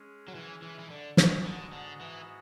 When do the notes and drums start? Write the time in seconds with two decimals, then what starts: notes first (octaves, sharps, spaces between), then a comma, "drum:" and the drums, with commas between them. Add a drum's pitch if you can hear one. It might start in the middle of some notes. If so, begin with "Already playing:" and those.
Already playing: G#3 C#4 G#4
0.28 F#3
0.35 E3
0.62 E3
0.79 E3
0.90 D3
1.17 G#2 G#3 B3 F#4, drum: snare
1.46 D3
1.73 D3
2.01 E3